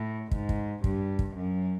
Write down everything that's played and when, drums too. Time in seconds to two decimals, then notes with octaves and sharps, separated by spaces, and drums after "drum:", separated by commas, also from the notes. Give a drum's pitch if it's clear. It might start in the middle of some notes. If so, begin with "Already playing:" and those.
Already playing: A2
0.31 G#2, drum: kick
0.49 drum: kick
0.84 G2, drum: kick
1.19 drum: kick
1.36 F#2